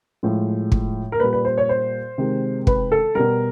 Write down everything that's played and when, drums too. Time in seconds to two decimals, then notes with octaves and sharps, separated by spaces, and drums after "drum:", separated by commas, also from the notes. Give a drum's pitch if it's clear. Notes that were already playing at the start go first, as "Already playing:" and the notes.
0.23 A2 F3 G#3
0.72 drum: kick
1.12 A#4
1.20 A#2 G3 B4
1.33 B4
1.45 C5
1.58 C#5
1.69 C5
2.18 C3 D#3 G#3
2.67 B4, drum: kick
2.92 A4
3.15 B2 G3 A#4